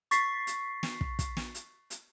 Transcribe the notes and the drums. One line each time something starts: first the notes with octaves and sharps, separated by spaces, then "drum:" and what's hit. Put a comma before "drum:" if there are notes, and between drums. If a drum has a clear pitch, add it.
C#6 A6 B6 C7, drum: hi-hat
drum: hi-hat
drum: snare
drum: kick
drum: kick, hi-hat
drum: snare
drum: hi-hat
drum: hi-hat